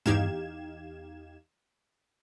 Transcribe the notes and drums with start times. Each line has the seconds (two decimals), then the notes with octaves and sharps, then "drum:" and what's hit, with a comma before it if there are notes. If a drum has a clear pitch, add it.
0.06 E2 D#4 G4 F5 G#6 E7, drum: tom G2